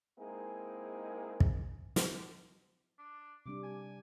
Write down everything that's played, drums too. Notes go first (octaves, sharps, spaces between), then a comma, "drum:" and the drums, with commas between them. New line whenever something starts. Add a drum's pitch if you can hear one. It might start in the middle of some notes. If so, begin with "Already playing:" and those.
G#3 A#3 C4 D#4 E4 G#4
drum: kick
drum: snare
D4
C3 G3 D4 D6
G#5